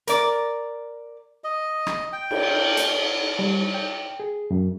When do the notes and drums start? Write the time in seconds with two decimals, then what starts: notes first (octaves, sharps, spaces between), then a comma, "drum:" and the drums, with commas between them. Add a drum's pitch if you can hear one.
0.07 A#4 D5, drum: hi-hat
1.44 D#5
1.87 drum: rim click
2.13 G5
2.31 drum: cymbal
2.77 drum: hi-hat
3.39 G3
3.74 G5
4.20 G#4
4.51 F#2